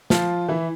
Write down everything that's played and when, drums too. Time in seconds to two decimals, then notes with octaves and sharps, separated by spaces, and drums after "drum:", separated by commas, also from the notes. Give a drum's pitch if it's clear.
0.10 F3 F4, drum: snare
0.48 E3 E4